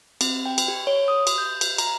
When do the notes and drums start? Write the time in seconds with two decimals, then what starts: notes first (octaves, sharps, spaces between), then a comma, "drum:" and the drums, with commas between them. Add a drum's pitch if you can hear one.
0.21 C4, drum: cymbal
0.46 G5
0.58 drum: cymbal
0.68 G4
0.87 C#5
1.08 D#6
1.27 drum: cymbal
1.38 G6
1.61 drum: cymbal
1.78 A#5, drum: cymbal